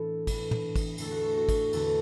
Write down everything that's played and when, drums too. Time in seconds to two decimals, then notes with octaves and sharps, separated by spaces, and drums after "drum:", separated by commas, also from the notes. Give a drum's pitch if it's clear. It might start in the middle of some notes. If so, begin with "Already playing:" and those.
Already playing: A2 E3 B3 D4 A4
0.27 A2 E3 B3 D4, drum: kick, cymbal
0.51 drum: tom
0.76 drum: kick, cymbal
0.98 E2 D3 A3 D4 A4, drum: cymbal
1.11 F#4
1.22 A4
1.37 F#4
1.49 drum: kick, cymbal
1.73 E2 D3 A3 D4 A4, drum: cymbal